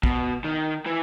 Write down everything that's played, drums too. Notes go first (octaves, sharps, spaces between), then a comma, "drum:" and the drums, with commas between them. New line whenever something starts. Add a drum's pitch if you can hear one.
B2, drum: kick
D#3
E3